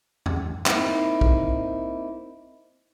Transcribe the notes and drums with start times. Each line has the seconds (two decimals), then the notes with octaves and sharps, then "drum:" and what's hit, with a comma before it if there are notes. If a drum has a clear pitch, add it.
0.26 drum: tom F2
0.66 A#3 C4 D#4 E4, drum: clap
1.21 drum: kick